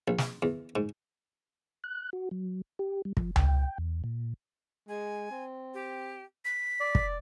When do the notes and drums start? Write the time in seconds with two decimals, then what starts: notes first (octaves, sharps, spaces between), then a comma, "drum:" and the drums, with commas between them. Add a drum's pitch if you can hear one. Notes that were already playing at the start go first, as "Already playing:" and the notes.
0.08 A#1
0.18 drum: snare
0.42 E2
0.76 G#2
1.84 F#6
2.13 F#4
2.31 F#3
2.79 G4
3.05 G3
3.17 F3, drum: kick
3.36 G5, drum: tom C#2
3.78 E2
4.04 A#2
4.89 G#3 G#5
5.31 C4
5.74 G4
6.45 B6
6.80 D5
6.95 drum: kick